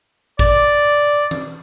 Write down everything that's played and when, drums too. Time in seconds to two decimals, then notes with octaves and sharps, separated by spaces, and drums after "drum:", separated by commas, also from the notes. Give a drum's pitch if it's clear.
0.39 D5, drum: kick
1.31 drum: tom E3